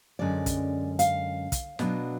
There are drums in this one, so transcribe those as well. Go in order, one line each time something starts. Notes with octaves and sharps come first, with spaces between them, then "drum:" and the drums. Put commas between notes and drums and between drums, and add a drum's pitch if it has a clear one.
F#2 D3 G#3 C#4 D5
drum: kick, hi-hat
F5, drum: hi-hat
drum: kick, hi-hat
B2 F#3 B3 D4, drum: snare